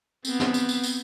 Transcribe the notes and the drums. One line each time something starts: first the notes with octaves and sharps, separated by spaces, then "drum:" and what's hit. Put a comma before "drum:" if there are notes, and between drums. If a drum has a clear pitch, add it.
B3 C4, drum: tambourine
drum: snare
drum: tambourine
drum: tambourine
drum: tambourine